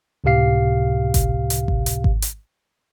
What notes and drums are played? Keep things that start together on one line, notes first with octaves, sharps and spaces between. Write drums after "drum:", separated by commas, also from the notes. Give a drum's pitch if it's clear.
C#2 A2 C3 G4 F5 C7
drum: kick G#1, hi-hat
drum: hi-hat
drum: kick G#1
drum: hi-hat
drum: kick G#1
drum: hi-hat